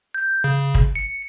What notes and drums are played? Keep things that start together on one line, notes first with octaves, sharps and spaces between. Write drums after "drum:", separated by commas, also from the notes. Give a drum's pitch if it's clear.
G6
C#3
drum: kick
C#7